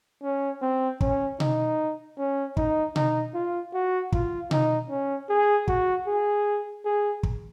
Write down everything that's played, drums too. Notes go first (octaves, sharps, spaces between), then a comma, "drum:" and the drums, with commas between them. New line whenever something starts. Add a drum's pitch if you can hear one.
C#4
C4
C#4, drum: kick
D#4, drum: tom B2
C#4
D#4, drum: kick
D#4, drum: tom B2
F4
F#4
F4, drum: kick
D#4, drum: tom B2
C#4
G#4
F#4, drum: kick
G#4
G#4
drum: kick